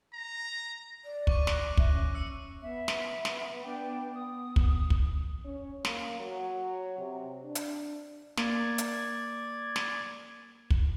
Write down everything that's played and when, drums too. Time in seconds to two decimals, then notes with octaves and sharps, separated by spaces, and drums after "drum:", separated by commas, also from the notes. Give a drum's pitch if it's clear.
0.13 A#5
1.05 D5
1.27 C#6 D6 D#7, drum: kick
1.47 C#6 F#6 A#6, drum: snare
1.77 E5, drum: kick
1.93 C#4
2.14 E6 C#7
2.62 B3 E5
2.88 drum: snare
3.25 drum: snare
3.63 D4 G5
4.15 D#6
4.56 drum: kick
4.90 drum: kick
5.45 C#4
5.85 A#3, drum: snare
6.20 F#3
6.98 C3
7.44 D4
7.55 drum: hi-hat
8.37 A#3 D5 G#6, drum: snare
8.78 drum: hi-hat
9.76 drum: snare
10.70 drum: kick